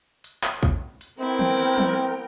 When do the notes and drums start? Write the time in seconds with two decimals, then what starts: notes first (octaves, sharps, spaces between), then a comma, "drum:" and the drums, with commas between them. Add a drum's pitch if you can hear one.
0.24 drum: hi-hat
0.43 drum: clap
0.63 drum: kick
1.01 drum: hi-hat
1.20 B3 C4 E4 A#4 G5
1.39 drum: tom D#3
1.78 drum: tom F3